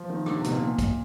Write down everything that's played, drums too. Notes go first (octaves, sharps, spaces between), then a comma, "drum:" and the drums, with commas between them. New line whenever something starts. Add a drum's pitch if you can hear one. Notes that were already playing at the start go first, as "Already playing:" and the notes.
Already playing: F3
D#3
D3, drum: rim click
C3
B2, drum: hi-hat
A#2
drum: kick, hi-hat